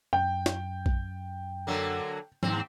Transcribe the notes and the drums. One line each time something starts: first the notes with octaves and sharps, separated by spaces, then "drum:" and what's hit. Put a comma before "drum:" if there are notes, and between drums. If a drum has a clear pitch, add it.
F#2 G5
drum: snare
drum: kick A#1
D3 F#3 A#3
D#2 G#2 C4, drum: tom F3